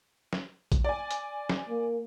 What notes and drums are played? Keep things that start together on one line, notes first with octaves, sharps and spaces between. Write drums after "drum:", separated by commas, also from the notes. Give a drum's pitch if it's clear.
drum: snare
drum: kick A#1, hi-hat
D5 G#5
drum: hi-hat
drum: snare
A#3